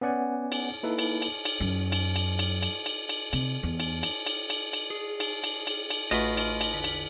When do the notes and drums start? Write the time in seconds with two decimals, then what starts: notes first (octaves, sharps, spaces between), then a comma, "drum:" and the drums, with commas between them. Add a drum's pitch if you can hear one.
0.01 B3 C#4 D5 F#5 G#5
0.52 drum: cymbal
0.83 A#3 D#4 E4 A4 B4
0.99 drum: cymbal
1.22 drum: cymbal
1.45 drum: cymbal
1.60 F#2
1.92 drum: cymbal
2.16 drum: cymbal
2.39 drum: cymbal
2.63 drum: cymbal
2.86 drum: cymbal
3.09 drum: cymbal
3.33 C3, drum: cymbal
3.63 E2
3.80 drum: cymbal
4.03 drum: cymbal
4.26 drum: cymbal
4.50 drum: cymbal
4.73 drum: cymbal
4.90 G#4
5.20 drum: cymbal
5.44 drum: cymbal
5.67 drum: cymbal
5.90 drum: cymbal
6.11 A1 A3 F4 F#4 B4 D#5 F6 B6, drum: cymbal
6.37 drum: cymbal
6.61 drum: cymbal
6.74 E2 D3 B6
6.84 drum: cymbal